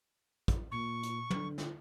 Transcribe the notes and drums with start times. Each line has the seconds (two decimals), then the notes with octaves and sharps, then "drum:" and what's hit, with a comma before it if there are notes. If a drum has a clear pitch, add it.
0.48 drum: kick, hi-hat
0.71 A#2 C#6
1.03 drum: hi-hat
1.30 D3, drum: tom
1.58 drum: snare